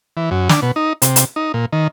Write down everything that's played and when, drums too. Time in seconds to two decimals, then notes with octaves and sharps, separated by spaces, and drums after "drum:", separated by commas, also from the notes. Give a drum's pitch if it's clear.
0.17 E3
0.31 F#2
0.49 D4, drum: snare
0.62 B2
0.76 D#4
1.02 C3, drum: hi-hat
1.16 drum: hi-hat
1.36 D#4
1.54 A#2
1.73 D#3